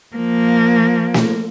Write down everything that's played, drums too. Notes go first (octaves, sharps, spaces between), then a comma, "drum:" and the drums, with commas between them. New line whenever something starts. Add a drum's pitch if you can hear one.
F3 A#3
drum: snare